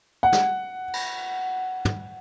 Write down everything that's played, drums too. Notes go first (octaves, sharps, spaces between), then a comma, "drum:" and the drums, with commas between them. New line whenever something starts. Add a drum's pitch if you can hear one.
F#5
drum: snare
drum: cymbal
drum: tom